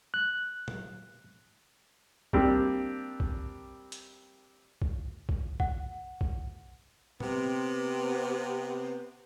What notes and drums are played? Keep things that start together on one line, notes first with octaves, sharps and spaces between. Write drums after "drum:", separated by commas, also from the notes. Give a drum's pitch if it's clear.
F#6
drum: tom A#2
G3 A#3 C4 D4 G4, drum: kick A#1
drum: kick A#1
drum: hi-hat
drum: kick A#1
drum: kick A#1
F#5, drum: kick A#1
drum: kick A#1
C3 B3, drum: tom